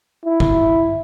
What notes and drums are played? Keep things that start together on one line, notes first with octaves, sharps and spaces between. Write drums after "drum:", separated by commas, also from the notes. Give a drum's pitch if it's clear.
E4
drum: kick